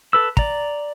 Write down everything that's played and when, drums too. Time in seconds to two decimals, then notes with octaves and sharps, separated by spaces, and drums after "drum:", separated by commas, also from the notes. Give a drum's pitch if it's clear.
0.13 A4 B4 E6
0.37 D5 A#5, drum: kick